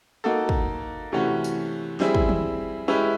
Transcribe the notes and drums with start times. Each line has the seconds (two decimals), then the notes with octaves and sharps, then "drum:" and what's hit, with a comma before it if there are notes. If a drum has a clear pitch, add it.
0.24 A#3 D#4 F#4 A4
0.49 drum: kick
1.12 C3 E3 A3 C#4 F#4
1.44 drum: tambourine
2.00 G3 C4 E4 G#4, drum: snare
2.15 drum: kick
2.29 drum: tom
2.88 G#3 C#4 E4 G4 B4